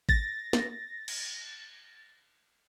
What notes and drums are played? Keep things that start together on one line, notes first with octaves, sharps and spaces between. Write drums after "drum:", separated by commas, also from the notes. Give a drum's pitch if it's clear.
A6 A#6, drum: kick G#1
drum: snare
drum: cymbal